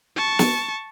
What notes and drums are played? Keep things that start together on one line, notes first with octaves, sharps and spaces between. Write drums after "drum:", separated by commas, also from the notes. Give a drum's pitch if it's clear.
A5 C#6
drum: snare